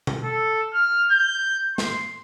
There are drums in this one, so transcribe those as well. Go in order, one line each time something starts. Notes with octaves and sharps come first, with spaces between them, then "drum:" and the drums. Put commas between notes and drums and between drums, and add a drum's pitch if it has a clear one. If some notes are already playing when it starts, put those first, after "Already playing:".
drum: tom B2
A4
F6
G6
C6, drum: snare